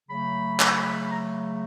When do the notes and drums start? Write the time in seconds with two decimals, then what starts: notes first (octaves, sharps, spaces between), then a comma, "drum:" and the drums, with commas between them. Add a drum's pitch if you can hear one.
0.09 C#3 F#3 A3 B5
0.60 drum: clap
0.82 B5
1.11 A#5